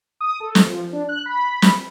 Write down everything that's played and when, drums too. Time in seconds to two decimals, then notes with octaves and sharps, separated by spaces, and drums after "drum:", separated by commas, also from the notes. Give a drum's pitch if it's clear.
0.21 D#6
0.40 A4
0.55 drum: snare
0.66 F3
0.92 D4
1.09 F#6
1.26 B5
1.62 drum: snare